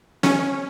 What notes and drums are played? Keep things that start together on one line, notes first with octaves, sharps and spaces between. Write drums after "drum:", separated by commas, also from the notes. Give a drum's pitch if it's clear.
C#4, drum: snare